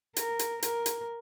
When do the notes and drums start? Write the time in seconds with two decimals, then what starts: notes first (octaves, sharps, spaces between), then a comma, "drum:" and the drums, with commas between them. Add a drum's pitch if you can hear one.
0.16 A#4, drum: hi-hat
0.39 drum: hi-hat
0.62 A#4, drum: hi-hat
0.86 drum: hi-hat